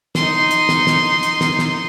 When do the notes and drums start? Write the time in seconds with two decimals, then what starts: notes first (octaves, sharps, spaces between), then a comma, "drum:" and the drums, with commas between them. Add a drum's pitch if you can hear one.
0.15 D#4 C6, drum: snare
0.51 drum: hi-hat
0.69 drum: snare
0.87 drum: snare
1.23 drum: hi-hat
1.41 drum: snare
1.59 drum: snare